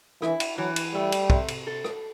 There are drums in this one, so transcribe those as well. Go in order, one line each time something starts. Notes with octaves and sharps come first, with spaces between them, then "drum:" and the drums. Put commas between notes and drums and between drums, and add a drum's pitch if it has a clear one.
E3 E4, drum: rim click
drum: cymbal
E3 F#3
drum: cymbal
G3 A3
drum: cymbal
C3, drum: kick
drum: cymbal
A4
drum: rim click